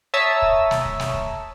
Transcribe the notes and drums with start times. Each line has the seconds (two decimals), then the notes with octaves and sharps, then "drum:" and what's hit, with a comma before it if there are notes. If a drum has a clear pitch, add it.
0.14 C#5 E5 A5 A#5 D#6 E6
0.42 drum: kick
0.71 drum: snare
0.85 drum: kick
1.00 drum: snare
1.14 drum: kick